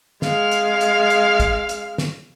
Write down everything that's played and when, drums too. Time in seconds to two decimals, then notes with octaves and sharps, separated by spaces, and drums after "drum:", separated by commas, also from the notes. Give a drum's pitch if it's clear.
0.22 G#3 F5, drum: snare
0.51 drum: hi-hat
0.81 drum: hi-hat
1.10 drum: hi-hat
1.40 drum: kick, hi-hat
1.69 drum: hi-hat
1.98 drum: snare